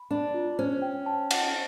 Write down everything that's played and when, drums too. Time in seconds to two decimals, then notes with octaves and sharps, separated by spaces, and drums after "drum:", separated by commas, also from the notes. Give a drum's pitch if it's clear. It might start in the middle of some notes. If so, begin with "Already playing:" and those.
Already playing: B5
0.11 D4 D5
0.34 F4
0.59 C#4 C5
0.82 G5
1.06 A5
1.31 F#5, drum: cymbal